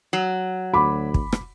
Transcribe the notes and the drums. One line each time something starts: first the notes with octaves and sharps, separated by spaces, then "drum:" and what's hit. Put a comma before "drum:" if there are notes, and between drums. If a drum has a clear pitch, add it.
F#3
D2 B5 D6
drum: kick
drum: rim click